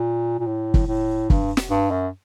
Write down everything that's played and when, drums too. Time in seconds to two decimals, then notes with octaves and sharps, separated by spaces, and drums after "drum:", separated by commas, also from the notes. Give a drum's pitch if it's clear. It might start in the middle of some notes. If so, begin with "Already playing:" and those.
Already playing: A#2
0.39 A#2
0.47 A2
0.74 drum: kick
0.87 A2
1.30 G2, drum: kick
1.57 drum: snare
1.70 G2
1.91 F#2